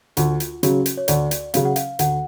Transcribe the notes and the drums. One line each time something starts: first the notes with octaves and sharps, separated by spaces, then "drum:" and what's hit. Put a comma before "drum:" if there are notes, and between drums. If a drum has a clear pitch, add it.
D2 F4, drum: hi-hat
drum: hi-hat
C#3 F#3 C#4 F#4, drum: hi-hat
drum: hi-hat
C#5
D2 D5, drum: hi-hat
drum: hi-hat
C#3 F#3 C#4 F5, drum: hi-hat
F#5
F5, drum: hi-hat
D2 F#5, drum: hi-hat